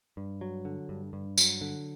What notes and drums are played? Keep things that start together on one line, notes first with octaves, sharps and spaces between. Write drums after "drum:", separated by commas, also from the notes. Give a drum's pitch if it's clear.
G2
F#3
D3
G2
G2
F#3, drum: tambourine
D3